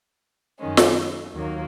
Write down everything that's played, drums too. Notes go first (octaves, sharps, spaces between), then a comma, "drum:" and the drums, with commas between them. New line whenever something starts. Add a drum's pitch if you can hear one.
F#2 D#3 G#3 C#4
drum: snare
D#2 D#3 F#3 A#3